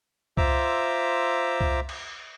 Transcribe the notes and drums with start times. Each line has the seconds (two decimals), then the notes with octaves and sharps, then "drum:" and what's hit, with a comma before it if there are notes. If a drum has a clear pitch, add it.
0.37 F4 C5 E5 A#5 D6 E6, drum: kick C2
1.61 drum: kick C2
1.89 drum: cymbal